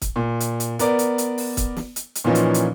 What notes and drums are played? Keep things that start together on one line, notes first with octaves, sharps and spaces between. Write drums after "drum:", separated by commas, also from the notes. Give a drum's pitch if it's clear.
drum: kick, hi-hat
A#2
drum: hi-hat
drum: hi-hat
B3 A#4 D5, drum: hi-hat
drum: hi-hat
drum: hi-hat
drum: open hi-hat
drum: kick, hi-hat
drum: snare
drum: hi-hat
drum: hi-hat
A#2 E3 F3 C#4 D#4
drum: hi-hat
drum: hi-hat